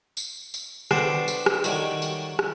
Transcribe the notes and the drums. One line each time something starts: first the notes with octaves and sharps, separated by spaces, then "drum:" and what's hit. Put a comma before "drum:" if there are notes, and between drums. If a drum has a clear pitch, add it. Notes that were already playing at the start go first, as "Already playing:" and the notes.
drum: tambourine
drum: tambourine
B3 D4 F#4 G4 A4 C5, drum: rim click
drum: tambourine
drum: rim click
D#3 F#3 G3 A3, drum: tambourine
drum: tambourine
drum: rim click